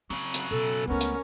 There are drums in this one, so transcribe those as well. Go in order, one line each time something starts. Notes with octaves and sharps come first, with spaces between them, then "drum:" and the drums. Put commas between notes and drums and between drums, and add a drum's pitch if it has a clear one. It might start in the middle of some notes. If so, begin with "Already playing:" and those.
C#3 F#3 C4
drum: hi-hat
B2 A4
C#2 A3 B3 C#4 A#4
drum: hi-hat